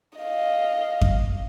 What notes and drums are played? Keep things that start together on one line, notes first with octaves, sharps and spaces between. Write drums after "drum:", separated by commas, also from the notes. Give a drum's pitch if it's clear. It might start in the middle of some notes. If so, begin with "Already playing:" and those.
D#5 F5
drum: kick F2